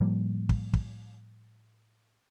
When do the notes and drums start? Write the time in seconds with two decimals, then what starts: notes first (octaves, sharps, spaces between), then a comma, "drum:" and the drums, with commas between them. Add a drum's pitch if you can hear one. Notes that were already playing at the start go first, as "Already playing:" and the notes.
0.01 A2 F3 G3 A#3
0.49 drum: kick
0.73 drum: kick